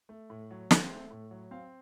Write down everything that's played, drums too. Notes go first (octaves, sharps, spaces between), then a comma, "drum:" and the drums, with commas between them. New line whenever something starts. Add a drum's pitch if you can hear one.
A3
A2
F#3
C4, drum: snare
A3
A2
F#3
C4 F5